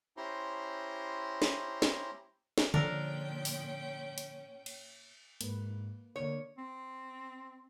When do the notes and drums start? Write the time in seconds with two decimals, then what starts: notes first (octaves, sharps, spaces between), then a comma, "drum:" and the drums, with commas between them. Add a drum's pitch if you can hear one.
0.17 C#4 E4 G4 C5 A#5 C6
1.42 drum: snare
1.82 drum: snare
2.58 drum: snare
2.74 A#2 D3 F3 C#4 D4 A4 A#4 G5, drum: tom
3.45 drum: open hi-hat
4.18 drum: hi-hat
4.66 drum: cymbal
5.41 G#2 A#3 B4, drum: hi-hat
6.16 D3 A#3 C#5 D5
6.58 C4